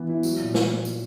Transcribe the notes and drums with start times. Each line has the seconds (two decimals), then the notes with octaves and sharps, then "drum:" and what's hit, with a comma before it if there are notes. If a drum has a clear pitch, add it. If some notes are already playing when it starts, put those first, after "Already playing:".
Already playing: E3 B3
0.09 E4
0.23 F#3, drum: tambourine
0.39 A#2
0.54 drum: snare
0.85 drum: tambourine